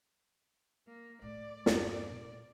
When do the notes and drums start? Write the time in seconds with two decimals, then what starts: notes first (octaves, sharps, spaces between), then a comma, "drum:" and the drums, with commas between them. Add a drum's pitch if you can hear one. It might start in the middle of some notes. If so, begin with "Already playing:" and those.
0.87 A#3
1.22 A2 A3 D5
1.66 E2 G2, drum: snare
2.10 A#2 E4